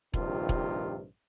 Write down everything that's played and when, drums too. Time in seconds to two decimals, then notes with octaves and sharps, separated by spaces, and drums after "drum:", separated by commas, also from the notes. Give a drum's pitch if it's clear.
0.14 A#1 G2 C3 D#3 F4, drum: kick E1
0.49 drum: kick E1